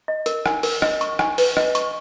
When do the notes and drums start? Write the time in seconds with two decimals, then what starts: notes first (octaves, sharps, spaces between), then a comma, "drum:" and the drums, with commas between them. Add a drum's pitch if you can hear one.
0.08 D#5
0.26 A#4, drum: hi-hat
0.46 G#5, drum: rim click
0.63 A#4, drum: open hi-hat
0.82 D#5, drum: rim click
1.01 C#6, drum: hi-hat
1.19 G#5, drum: rim click
1.38 B4, drum: open hi-hat
1.57 D#5, drum: rim click
1.75 C#6, drum: hi-hat